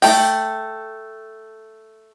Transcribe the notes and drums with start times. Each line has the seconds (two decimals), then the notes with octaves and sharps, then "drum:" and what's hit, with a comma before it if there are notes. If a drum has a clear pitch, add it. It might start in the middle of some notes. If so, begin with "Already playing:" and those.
0.02 A3 G5, drum: open hi-hat